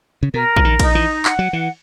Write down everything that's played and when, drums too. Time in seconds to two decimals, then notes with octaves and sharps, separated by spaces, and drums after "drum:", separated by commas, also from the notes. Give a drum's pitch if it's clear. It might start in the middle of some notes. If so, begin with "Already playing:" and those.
0.23 C#3
0.33 B2 A#4
0.56 E3, drum: kick A#1
0.65 D#3
0.79 D#4, drum: kick A#1, cymbal
0.95 E3
1.25 F#5, drum: clap
1.39 F#3
1.53 E3